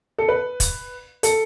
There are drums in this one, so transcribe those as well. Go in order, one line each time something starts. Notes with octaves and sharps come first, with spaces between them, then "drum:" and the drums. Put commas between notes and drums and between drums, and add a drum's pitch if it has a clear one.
A4
B4
drum: kick, hi-hat
A4, drum: hi-hat